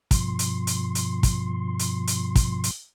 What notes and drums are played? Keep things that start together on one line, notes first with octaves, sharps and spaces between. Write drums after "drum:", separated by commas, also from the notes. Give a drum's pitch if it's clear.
G2 B2 F3 C6, drum: kick, hi-hat
drum: hi-hat
drum: hi-hat
drum: hi-hat
drum: kick, hi-hat
drum: hi-hat
drum: hi-hat
drum: kick, hi-hat
drum: hi-hat